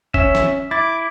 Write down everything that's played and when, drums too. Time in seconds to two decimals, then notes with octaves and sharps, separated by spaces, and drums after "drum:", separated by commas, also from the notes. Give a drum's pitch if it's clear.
0.14 C#4 E5, drum: kick
0.35 drum: snare
0.71 E4 D6 A6